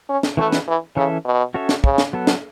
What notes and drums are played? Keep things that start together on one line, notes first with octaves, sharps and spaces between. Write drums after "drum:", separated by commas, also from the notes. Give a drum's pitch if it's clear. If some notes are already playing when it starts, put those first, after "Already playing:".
C#4
drum: snare
E3 A3 C#4 F#4 B4 E5
drum: snare
E3
C#3 E3 C#4 A4 E5
B2
C#4 F#4 A4 C#5 E5
drum: snare
C#3, drum: kick
drum: snare
F#3 B3 A4
drum: snare